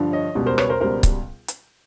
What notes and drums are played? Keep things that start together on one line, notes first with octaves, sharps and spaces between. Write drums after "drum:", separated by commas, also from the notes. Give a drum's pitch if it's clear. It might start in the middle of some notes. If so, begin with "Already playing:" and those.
Already playing: G2 D3 F3
C#5 D#5
C#2 B2 G3
A#4 C5
B4 C#5, drum: rim click
A#4 C5
C#2 B2 G3 A#4 C5
drum: kick C#1, hi-hat
drum: hi-hat